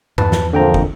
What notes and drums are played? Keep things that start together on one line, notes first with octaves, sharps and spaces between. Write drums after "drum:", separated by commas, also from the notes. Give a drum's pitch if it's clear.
E2 B4 A5, drum: tom G2
drum: snare
A#1 F2 D3 F3 G5 A#5
drum: kick